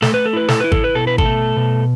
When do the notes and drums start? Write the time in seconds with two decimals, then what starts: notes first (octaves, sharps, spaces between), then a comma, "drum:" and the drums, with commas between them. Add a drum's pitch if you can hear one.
0.02 A3 A4, drum: snare
0.14 B4
0.26 A4
0.33 E4 B4
0.48 A4, drum: snare
0.60 E4 B4
0.72 A4, drum: kick G#1
0.84 B4
0.95 B2 A4
1.07 B4
1.18 A4, drum: kick G#1
1.25 A3
1.57 B2